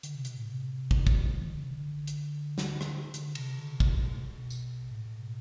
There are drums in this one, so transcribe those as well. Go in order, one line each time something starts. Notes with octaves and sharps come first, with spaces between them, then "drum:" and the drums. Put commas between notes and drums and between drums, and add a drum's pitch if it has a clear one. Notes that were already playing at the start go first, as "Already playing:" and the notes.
D3, drum: hi-hat
C3
B2, drum: hi-hat
A2
C3
drum: kick
drum: kick
E3
D3
C3
D3
drum: hi-hat
drum: snare
drum: rim click
D3, drum: hi-hat
C3, drum: cymbal
D3
C3
C3, drum: kick
B2
B2
B2
drum: tambourine
A2
A2
B2